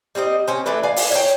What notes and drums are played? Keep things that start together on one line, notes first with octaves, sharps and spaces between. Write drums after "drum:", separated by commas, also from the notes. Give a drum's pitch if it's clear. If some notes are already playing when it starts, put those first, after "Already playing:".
G3 C4 D#4 D#5
C4 C#4 G#5
E3 A3 D4 B4
D5 F5 G#5
drum: open hi-hat
C#5 G5